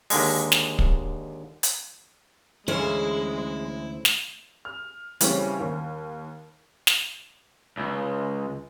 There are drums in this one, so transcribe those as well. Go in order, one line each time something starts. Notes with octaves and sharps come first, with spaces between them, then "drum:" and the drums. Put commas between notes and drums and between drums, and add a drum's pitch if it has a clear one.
D#2 D3 G#3, drum: open hi-hat
drum: snare
drum: kick
drum: hi-hat
D2 E3 G#3 C#4 E4 C5 F5
drum: snare
F6
C#3 E3 G3 A3 C4 C#4, drum: hi-hat
D#2
drum: snare
C#2